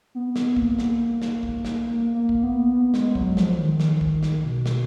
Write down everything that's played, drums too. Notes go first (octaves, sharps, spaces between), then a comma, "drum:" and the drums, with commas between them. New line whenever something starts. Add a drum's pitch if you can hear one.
B3
drum: snare
A#3, drum: kick
drum: snare
drum: snare
drum: kick
drum: snare
A#3
A#3
drum: kick
B3
B3
G#3, drum: snare
F#3, drum: kick
F3, drum: snare
D#3
drum: snare
drum: kick
drum: snare
B2
drum: snare